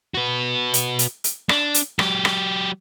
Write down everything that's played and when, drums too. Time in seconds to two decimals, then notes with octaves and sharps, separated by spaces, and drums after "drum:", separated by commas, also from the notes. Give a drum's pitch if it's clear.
0.14 F#4 B4
0.74 drum: hi-hat
0.99 drum: hi-hat
1.24 drum: hi-hat
1.49 D4, drum: rim click
1.74 drum: hi-hat
1.99 F#3 G4, drum: rim click
2.25 drum: rim click